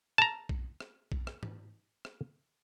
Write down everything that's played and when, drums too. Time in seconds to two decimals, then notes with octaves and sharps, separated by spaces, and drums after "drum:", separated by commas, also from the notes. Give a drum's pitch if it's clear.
0.18 A5 A#5, drum: rim click
0.49 drum: kick B1
0.80 drum: rim click
1.12 drum: kick B1
1.27 drum: rim click
1.43 drum: tom G#2
2.05 drum: rim click